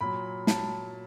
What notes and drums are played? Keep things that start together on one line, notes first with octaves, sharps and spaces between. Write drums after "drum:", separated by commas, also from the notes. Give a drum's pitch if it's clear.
A#2 F#3 B5
A5, drum: snare